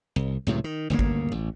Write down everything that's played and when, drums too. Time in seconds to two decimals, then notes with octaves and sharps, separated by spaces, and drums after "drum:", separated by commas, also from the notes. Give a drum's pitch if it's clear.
0.16 C2
0.47 C#2 A2 C3 F#3
0.64 D#3
0.90 G1 D2 C#3 A#3
0.99 drum: kick G#1
1.32 A1